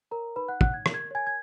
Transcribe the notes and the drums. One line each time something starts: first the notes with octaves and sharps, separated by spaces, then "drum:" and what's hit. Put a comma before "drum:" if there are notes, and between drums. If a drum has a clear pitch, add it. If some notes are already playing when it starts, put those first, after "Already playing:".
A#4 C#5 A#5
D#4 B4 B5
F#5 F#6
C#5 F#5 F#6, drum: kick
G#6
A#4, drum: rim click
G#6
C#5 G#5 G#6
G#6